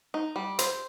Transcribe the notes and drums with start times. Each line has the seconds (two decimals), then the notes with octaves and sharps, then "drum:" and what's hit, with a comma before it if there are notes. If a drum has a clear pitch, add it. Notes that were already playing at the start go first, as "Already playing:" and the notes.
0.14 D#4
0.36 G3
0.59 C5, drum: hi-hat